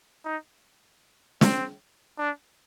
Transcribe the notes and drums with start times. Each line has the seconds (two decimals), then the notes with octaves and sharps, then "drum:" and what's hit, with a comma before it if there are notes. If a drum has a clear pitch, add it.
0.25 D#4
1.41 C4, drum: snare
2.19 D4